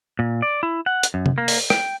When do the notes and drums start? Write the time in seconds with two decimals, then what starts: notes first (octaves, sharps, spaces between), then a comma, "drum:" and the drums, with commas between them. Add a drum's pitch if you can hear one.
0.19 A#2
0.42 D5
0.63 E4
0.86 F#5
1.03 drum: hi-hat
1.14 F#2
1.26 drum: tom C3
1.38 A#3
1.48 drum: open hi-hat
1.70 G5, drum: rim click